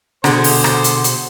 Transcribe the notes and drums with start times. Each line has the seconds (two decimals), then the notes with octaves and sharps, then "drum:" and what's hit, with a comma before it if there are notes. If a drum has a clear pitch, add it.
0.24 B2 D3 G#4 C5 F#5, drum: rim click
0.44 drum: open hi-hat
0.64 drum: rim click
0.84 drum: hi-hat
1.04 drum: hi-hat